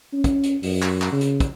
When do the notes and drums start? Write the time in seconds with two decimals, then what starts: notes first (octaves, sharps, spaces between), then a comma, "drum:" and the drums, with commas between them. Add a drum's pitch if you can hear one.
0.13 C#4
0.24 drum: kick, hi-hat
0.44 drum: hi-hat
0.63 F#2, drum: open hi-hat
0.82 drum: clap
1.02 drum: clap
1.12 C#3
1.21 drum: hi-hat
1.40 drum: kick, hi-hat